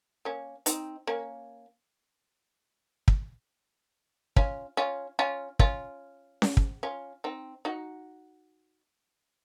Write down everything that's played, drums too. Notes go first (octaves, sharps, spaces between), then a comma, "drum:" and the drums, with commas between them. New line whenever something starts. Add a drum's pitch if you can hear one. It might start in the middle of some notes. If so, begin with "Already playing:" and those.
A#3 C#4
C4 D#4, drum: hi-hat
A#3 C#4
drum: kick
C#4 F4, drum: kick
C#4 F4
C#4 F4
C#4 F4, drum: kick
drum: snare C#4
drum: kick
C#4 F4
C4 D#4
D#4 F#4